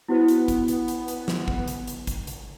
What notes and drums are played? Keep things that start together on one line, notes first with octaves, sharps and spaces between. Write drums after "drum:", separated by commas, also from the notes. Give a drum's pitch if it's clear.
B3 E4 F#4 B4
drum: hi-hat
drum: kick G#1, hi-hat
drum: hi-hat
drum: hi-hat
drum: hi-hat
drum: snare
drum: kick G#1
drum: hi-hat
drum: hi-hat
drum: kick G#1, hi-hat
drum: hi-hat